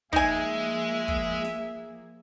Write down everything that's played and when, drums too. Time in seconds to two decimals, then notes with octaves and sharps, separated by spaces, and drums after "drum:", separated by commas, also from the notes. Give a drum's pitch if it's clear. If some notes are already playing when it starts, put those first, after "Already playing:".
0.13 F3 G#3 A#3 D#4 G#4 E5 G#5, drum: kick
1.08 drum: kick
1.44 drum: snare